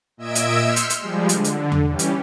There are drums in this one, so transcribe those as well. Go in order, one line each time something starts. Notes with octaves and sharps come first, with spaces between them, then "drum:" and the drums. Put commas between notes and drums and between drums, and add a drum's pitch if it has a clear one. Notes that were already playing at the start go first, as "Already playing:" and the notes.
A#2 D#5 E5 E6 G#6 D7
drum: hi-hat
C6 E6 F6 G6 B6 C#7
drum: hi-hat
drum: hi-hat
F3 G3 G#3
D3, drum: hi-hat
drum: hi-hat
drum: tom E2
E3 G3 C#4 G4
drum: hi-hat